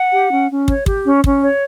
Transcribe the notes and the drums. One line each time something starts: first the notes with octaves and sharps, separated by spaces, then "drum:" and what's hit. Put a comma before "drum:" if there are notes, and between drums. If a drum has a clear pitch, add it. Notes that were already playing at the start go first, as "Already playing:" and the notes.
Already playing: F#5
G4
C#4
C#4
C#5, drum: kick
G4, drum: kick
C#4
C#4, drum: kick
C#5